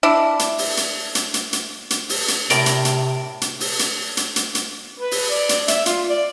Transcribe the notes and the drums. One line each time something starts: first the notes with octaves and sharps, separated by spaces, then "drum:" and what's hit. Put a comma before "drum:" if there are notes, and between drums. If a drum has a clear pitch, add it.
D4 E4
drum: hi-hat
drum: open hi-hat
drum: hi-hat
drum: hi-hat
drum: hi-hat
drum: hi-hat
drum: hi-hat
drum: open hi-hat
drum: hi-hat
A2 C3 A#4 D5, drum: hi-hat
drum: hi-hat
drum: hi-hat
drum: hi-hat
drum: open hi-hat
drum: hi-hat
drum: hi-hat
drum: hi-hat
drum: hi-hat
B4
drum: open hi-hat
D5
drum: hi-hat
E5, drum: hi-hat
F4, drum: hi-hat
D5